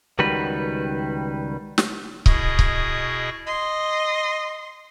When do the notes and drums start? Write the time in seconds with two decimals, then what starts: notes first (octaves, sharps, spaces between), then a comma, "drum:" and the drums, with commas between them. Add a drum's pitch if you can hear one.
0.19 C#2 D#3 G3 F#4 B4
1.78 drum: snare
2.26 B2 E4 G#4 D#5 C#6 D#6, drum: kick C#1
2.59 drum: kick C#1
3.47 D#5 C6